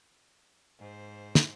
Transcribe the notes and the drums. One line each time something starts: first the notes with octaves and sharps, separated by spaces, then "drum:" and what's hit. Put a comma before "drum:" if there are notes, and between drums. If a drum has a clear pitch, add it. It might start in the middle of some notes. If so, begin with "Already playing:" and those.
G#2 C5
drum: snare